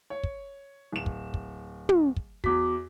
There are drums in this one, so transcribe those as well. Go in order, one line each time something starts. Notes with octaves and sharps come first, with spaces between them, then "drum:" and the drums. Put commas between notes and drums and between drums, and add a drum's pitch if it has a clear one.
C#5
drum: kick
D1 E7
drum: kick
drum: kick
drum: tom
drum: kick
E2 F#4 D6 B6, drum: kick